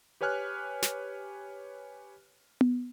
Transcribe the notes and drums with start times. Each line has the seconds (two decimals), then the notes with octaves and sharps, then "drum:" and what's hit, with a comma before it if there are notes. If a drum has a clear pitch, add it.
0.21 G4 B4 C#5 G#5 F6 F#6
0.82 drum: snare
2.61 drum: tom B3